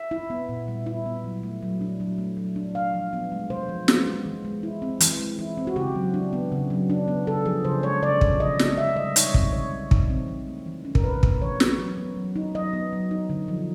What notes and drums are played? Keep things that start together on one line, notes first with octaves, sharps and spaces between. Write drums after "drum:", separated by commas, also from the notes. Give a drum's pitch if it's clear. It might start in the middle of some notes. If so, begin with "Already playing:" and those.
Already playing: E5
E4
B3
A#2
G3
E4
B3
F#3
A3
F#3
D4
F#3
A3
F#3
D4
C3 F5
F3
B3
G#3
C3 C5
F3
B3, drum: snare
G#3
E3
G#3
E4
C4
E3, drum: hi-hat
G#3
E4
C4
F#4
C#3 G4
F#3
D4
B3
C#3
F#3
D4
B3
C#3 A4
F3 G#4
C#3 C5
G#3 C#5
C#3 D5
F3, drum: kick
C#3 D#5
G#3, drum: snare
D3 E5
G3 D#5
D#4 C#5, drum: hi-hat
C4 C#5, drum: kick
D3 C#5
G3
D#4, drum: kick
C4
E3
A3
E3
C#4
A#4, drum: kick
E3 B4
A3, drum: kick
E3 C#5
C#4, drum: snare
F#3
B3
F#3
D#4
F#3 D#5
B3
F#3
D#4
D3
F3